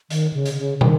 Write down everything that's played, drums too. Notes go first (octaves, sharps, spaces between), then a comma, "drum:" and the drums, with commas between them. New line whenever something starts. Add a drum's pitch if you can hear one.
D#3, drum: hi-hat
C#3
drum: hi-hat
C#3
D#3, drum: tom